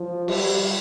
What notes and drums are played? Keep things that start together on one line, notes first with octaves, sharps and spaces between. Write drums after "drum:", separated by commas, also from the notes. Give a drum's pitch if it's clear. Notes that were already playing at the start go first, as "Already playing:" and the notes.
Already playing: F3
G3, drum: cymbal